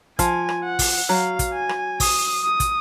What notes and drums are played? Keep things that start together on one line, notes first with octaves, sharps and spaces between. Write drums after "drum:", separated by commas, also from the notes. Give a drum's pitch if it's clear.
F3 G#5, drum: kick, hi-hat
drum: rim click
F#5
drum: kick, open hi-hat
F#3 F5
drum: kick, hi-hat
G#5
drum: rim click
D#6, drum: kick, open hi-hat
D#6
drum: kick, hi-hat